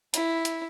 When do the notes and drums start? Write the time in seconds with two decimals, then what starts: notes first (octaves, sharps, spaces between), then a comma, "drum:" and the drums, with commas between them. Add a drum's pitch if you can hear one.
0.14 E4, drum: hi-hat
0.45 drum: hi-hat